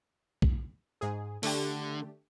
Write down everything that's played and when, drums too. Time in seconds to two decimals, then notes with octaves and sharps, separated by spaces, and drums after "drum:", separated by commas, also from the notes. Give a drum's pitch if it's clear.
0.42 drum: kick
1.01 G#2 G#4
1.43 D3 A3 D4 G4, drum: open hi-hat